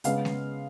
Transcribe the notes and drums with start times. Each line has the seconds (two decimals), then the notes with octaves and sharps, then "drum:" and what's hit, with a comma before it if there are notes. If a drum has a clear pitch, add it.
0.04 C#3 G#3 B3 F5, drum: hi-hat
0.25 drum: snare G#3